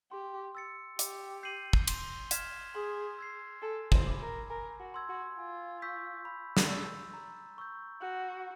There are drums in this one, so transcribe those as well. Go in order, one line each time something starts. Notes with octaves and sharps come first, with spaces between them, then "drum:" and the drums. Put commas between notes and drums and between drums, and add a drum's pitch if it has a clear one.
G4 C6
E6 A6 C#7
G4 D6, drum: hi-hat
G6 C7 D#7 F#7
drum: kick
C6, drum: cymbal
F6 G#6 B6 E7, drum: hi-hat
G#4 C6
E6 G#6 C7
A4 G#5
C5, drum: kick
B5 D6
A#4
A#4 G#5
F#4
C6 E6 G#6
F#4
F4 G#5
C#6 E6 G6 B6
B5
drum: snare
E6 A6
A#5
C#6 E6 G6
F#4 F#6